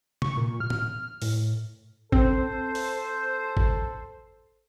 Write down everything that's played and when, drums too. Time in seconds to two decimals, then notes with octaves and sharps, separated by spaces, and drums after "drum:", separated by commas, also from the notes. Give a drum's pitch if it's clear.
0.22 C#6, drum: tom
0.37 A#2
0.60 F6
0.70 drum: tom
1.22 A2, drum: open hi-hat
2.12 C4 A4 C5, drum: kick G#1
2.75 drum: open hi-hat
3.57 drum: kick G#1